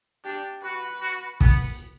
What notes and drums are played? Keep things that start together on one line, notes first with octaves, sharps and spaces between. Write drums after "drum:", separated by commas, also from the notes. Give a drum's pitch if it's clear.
D4 G4
F#4 B4
F#4
B3, drum: kick